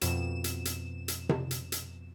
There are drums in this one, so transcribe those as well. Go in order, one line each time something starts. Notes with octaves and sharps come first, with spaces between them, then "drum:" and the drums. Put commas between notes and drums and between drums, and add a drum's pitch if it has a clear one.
F2 B2 E7, drum: hi-hat
drum: hi-hat
drum: hi-hat
drum: hi-hat
drum: tom C3
drum: hi-hat
drum: hi-hat